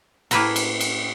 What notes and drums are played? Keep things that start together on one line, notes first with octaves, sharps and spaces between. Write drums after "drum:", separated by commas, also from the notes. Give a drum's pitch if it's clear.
A2 A#3 G#4 B4 C5 A#5, drum: cymbal
drum: cymbal
drum: cymbal